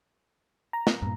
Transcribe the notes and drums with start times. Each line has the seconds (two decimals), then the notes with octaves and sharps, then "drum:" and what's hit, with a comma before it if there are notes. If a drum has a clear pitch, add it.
0.73 A#5
0.87 drum: snare
1.02 G2 A#2